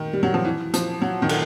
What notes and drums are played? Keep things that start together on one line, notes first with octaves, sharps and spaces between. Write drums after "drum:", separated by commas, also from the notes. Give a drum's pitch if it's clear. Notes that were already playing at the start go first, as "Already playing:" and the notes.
Already playing: D#3
G3
F#3
F3
E3
F3, drum: hi-hat
F#3
D#3
D3, drum: cymbal